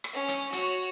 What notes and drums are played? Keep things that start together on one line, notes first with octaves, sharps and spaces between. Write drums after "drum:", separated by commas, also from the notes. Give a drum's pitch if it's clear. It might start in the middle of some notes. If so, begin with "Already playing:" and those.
drum: rim click
C#4
drum: hi-hat
F#4 C#5, drum: hi-hat